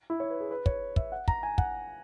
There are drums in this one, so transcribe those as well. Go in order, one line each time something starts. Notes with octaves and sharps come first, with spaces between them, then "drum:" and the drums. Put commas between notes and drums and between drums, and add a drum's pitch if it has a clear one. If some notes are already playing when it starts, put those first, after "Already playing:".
E4
C#5
B4
G#4
B4
C#5, drum: kick
E5, drum: kick
F#5
A#5, drum: kick
G#5
F#5, drum: kick